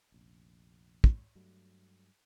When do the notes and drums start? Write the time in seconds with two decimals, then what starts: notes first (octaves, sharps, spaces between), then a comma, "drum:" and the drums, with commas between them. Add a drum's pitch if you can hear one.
0.12 F1 A#1
1.04 drum: kick
1.35 G2 F#3 G3 A3